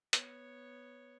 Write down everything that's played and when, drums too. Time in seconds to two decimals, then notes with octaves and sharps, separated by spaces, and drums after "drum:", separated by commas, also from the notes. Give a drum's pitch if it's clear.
0.13 B3 C#5, drum: hi-hat